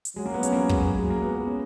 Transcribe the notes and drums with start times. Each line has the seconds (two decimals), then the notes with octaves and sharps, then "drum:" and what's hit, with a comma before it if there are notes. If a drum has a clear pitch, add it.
0.05 drum: hi-hat
0.16 F#3 G#3
0.26 A#3
0.34 B3
0.43 C#4, drum: hi-hat
0.52 A#3
0.69 G#3, drum: kick
0.99 G#3
1.10 A#3
1.22 B3
1.34 B3
1.46 C#4